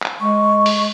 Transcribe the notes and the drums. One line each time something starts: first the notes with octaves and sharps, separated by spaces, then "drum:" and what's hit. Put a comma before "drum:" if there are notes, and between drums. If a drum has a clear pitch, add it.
drum: clap
G#3 C#6
drum: open hi-hat